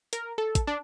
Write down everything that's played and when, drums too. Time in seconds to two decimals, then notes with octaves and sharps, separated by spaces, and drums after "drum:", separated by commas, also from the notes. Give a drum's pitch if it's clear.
0.13 A#4, drum: hi-hat
0.38 A4
0.55 drum: kick, hi-hat
0.67 D4